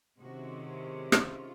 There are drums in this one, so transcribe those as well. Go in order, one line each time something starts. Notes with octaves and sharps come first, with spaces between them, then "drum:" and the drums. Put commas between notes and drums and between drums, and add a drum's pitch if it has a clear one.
C3 D#3 G#3 C#4 E4 F#4
F4, drum: rim click